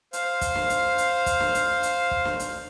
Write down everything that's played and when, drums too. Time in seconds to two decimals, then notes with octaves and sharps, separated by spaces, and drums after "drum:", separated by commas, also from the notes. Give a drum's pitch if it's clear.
0.13 C5 F5, drum: hi-hat
0.41 drum: kick, hi-hat
0.55 drum: snare
0.70 drum: hi-hat
0.98 drum: hi-hat
1.26 drum: kick, hi-hat
1.40 drum: snare
1.55 drum: hi-hat
1.83 drum: hi-hat
2.11 drum: kick
2.25 drum: snare
2.40 drum: hi-hat